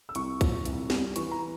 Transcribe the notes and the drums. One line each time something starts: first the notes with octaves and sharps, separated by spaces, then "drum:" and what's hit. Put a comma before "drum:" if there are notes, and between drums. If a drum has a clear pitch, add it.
E6
C2 C#6, drum: hi-hat
A#2, drum: kick, hi-hat
C2, drum: hi-hat
G3, drum: snare
E3 C#6, drum: hi-hat
A#5